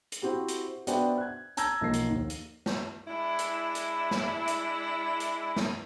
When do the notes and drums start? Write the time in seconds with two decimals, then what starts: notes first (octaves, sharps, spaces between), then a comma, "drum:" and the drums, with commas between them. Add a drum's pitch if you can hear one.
0.12 drum: hi-hat
0.22 C4 E4 F#4 G4 F#5
0.48 drum: hi-hat
0.87 B3 D4 F#4 C5 E5 G5, drum: hi-hat
1.18 F#6 G#6
1.57 A5 A#5 E6 G#6 A#6, drum: hi-hat
1.81 B1 F3 A#3 A#6 C7
1.93 drum: hi-hat
2.10 D#2
2.30 drum: hi-hat
2.66 drum: snare
3.08 G#3 D4 E4
3.39 drum: hi-hat
3.75 drum: hi-hat
4.11 drum: snare
4.48 drum: hi-hat
5.20 drum: hi-hat
5.56 drum: snare